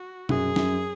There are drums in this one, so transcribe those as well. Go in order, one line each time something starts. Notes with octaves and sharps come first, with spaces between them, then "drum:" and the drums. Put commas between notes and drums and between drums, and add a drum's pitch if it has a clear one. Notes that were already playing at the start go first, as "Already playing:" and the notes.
Already playing: F#4
F#2 G#4, drum: tom B2
F#2, drum: snare